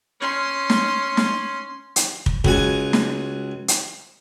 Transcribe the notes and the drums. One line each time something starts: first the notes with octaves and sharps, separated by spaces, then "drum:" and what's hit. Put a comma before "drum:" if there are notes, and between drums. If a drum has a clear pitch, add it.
C#4 C6
drum: snare
drum: snare
drum: hi-hat
drum: kick
C#2 F#4 G#5, drum: kick
drum: snare
drum: hi-hat